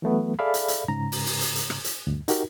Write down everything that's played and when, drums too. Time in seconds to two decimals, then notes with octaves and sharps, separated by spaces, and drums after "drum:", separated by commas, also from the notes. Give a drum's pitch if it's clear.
0.02 E3 F#3 A3 B3
0.39 G#4 A4 D5 E5 F5 B5
0.54 drum: hi-hat
0.68 drum: hi-hat
0.88 G#2 C#3 A#5
1.12 drum: open hi-hat
1.26 drum: open hi-hat
1.41 drum: hi-hat
1.55 drum: hi-hat
1.70 drum: rim click
1.84 drum: hi-hat
2.07 D2 G2
2.28 D#4 F#4 G4 A#4, drum: hi-hat